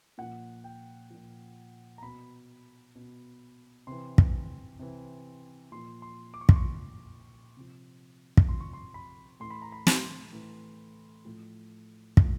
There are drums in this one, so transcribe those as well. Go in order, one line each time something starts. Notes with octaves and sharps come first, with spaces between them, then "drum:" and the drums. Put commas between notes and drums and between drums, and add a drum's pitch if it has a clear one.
A#2 F3 F#5
G5
A#2 F3
A#5
B2 B5
B2
C3 E3 C6
drum: kick
C3 E3
A#2 F3 C6
C6
D6
C#6
C6, drum: kick
C#6
A#2 F3
C3 F3
drum: kick
C3 F3 C6
C#6
C6
B5
A2 E3 C6
B5
A#5
B5
C6, drum: snare
A2 E3
A2 F3
A2 F3, drum: kick